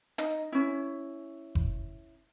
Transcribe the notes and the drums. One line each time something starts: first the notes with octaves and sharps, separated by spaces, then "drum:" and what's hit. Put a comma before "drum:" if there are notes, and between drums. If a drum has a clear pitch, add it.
D#4 D#5, drum: hi-hat
C#4 E4
drum: kick F#1